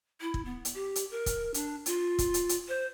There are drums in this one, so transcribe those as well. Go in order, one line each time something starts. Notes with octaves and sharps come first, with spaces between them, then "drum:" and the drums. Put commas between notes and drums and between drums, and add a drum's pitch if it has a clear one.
E4
drum: kick
B3
drum: hi-hat
G4
drum: hi-hat
A#4
drum: kick, hi-hat
D4, drum: hi-hat
F4, drum: hi-hat
drum: kick, hi-hat
drum: hi-hat
drum: hi-hat
C5